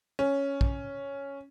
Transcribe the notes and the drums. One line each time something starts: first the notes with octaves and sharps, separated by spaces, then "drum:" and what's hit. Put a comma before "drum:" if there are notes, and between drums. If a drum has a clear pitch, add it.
C#4
drum: kick